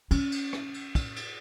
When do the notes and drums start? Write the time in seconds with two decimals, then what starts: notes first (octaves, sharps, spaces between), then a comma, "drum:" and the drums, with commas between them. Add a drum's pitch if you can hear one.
0.11 C#4, drum: cymbal
0.32 drum: cymbal
0.53 drum: rim click
0.74 drum: cymbal
0.95 drum: kick, cymbal
1.16 drum: cymbal